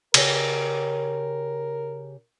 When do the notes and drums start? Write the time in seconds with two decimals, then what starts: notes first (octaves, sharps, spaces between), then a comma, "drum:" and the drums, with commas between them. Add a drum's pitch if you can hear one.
0.14 C#3 G4 A#4 C#5, drum: cymbal